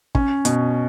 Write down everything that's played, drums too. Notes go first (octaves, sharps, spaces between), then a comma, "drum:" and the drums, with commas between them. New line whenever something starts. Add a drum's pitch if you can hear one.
C#4, drum: kick
B2, drum: hi-hat